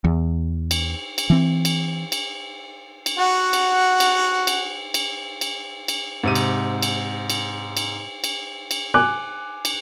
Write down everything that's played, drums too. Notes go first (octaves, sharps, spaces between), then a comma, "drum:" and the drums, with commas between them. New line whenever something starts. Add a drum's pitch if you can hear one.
E2
drum: cymbal
drum: cymbal
E3 C4
drum: cymbal
drum: cymbal
drum: cymbal
F#4 F#5
drum: cymbal
drum: cymbal
drum: cymbal
drum: cymbal
drum: cymbal
drum: cymbal
G#2 C3 D#7
drum: cymbal
drum: cymbal
drum: cymbal
drum: cymbal
drum: cymbal
drum: cymbal
G#5 D6 F#6
drum: cymbal